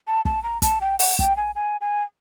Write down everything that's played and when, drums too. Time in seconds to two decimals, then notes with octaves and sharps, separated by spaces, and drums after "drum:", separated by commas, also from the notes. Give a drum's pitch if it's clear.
0.07 A5
0.25 A5, drum: kick
0.43 A#5
0.62 A5, drum: kick, hi-hat
0.81 G5
0.99 F#5, drum: open hi-hat
1.19 G5, drum: kick
1.37 G#5
1.55 G#5
1.81 G#5